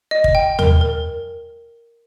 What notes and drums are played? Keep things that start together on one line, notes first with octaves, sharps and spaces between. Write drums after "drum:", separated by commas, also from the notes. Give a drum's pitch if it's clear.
D#5
drum: kick
G5
A#4, drum: tom
A#4